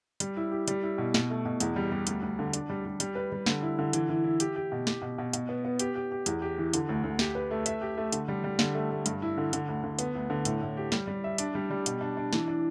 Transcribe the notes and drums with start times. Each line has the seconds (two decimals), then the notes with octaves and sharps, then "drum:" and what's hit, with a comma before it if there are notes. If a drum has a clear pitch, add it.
0.20 G3, drum: hi-hat
0.37 E4
0.51 G4
0.68 G3, drum: hi-hat
0.82 E4
0.98 B2
1.14 B2, drum: snare
1.30 A3
1.46 B2
1.60 E2, drum: hi-hat
1.76 G3
1.92 G3
2.07 D2, drum: hi-hat
2.22 D2
2.39 D3
2.53 D4, drum: hi-hat
2.70 G3
2.85 G3
3.00 G3, drum: hi-hat
3.15 B4
3.32 G3
3.46 D3, drum: snare
3.62 E4
3.79 D3
3.93 E3, drum: hi-hat
4.09 E3
4.24 E4
4.40 G4, drum: hi-hat
4.56 G4
4.72 B2
4.87 G4, drum: snare
5.02 B2
5.18 B2
5.33 B2, drum: hi-hat
5.49 B3
5.65 B3
5.79 G4, drum: hi-hat
5.95 G4
6.12 G4
6.26 E2, drum: hi-hat
6.42 G4
6.58 E3
6.73 D3, drum: hi-hat
6.89 D2
7.04 D2
7.19 G4, drum: snare
7.35 B4
7.51 A3
7.66 E5, drum: hi-hat
7.81 G4
7.98 A3
8.12 D3, drum: hi-hat
8.28 G3
8.44 G3
8.59 D3, drum: snare
8.74 A3
8.91 A3
9.06 G2, drum: hi-hat
9.22 E4
9.38 D3
9.53 D3, drum: hi-hat
9.69 D2
9.83 D3
9.99 B3, drum: hi-hat
10.15 D2
10.30 D3
10.45 A2, drum: hi-hat
10.62 A2
10.77 G4
10.92 G3, drum: snare
11.07 G3
11.24 E5
11.38 D4, drum: hi-hat
11.55 G3
11.70 G3
11.86 B2, drum: hi-hat
12.01 D4
12.17 D4
12.33 E3, drum: snare
12.48 D4